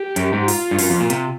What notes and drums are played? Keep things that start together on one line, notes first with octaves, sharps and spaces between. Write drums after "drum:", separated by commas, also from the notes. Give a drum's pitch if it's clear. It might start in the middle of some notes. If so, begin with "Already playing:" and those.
Already playing: G4
F#2, drum: hi-hat
G#2
F4, drum: open hi-hat
G2
F#2, drum: open hi-hat
F2
A#2
C3, drum: hi-hat